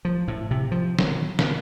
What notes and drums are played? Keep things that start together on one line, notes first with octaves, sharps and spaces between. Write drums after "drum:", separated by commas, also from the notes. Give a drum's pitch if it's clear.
F3
A2
C3
F3
F#3, drum: snare
drum: snare